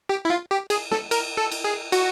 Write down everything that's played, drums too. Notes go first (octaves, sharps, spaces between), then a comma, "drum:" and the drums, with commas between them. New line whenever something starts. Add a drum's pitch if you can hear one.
G4
E4
F4
G4
G#4, drum: cymbal
A4, drum: snare
A#4, drum: cymbal
A4
drum: cymbal
G#4
F#4, drum: cymbal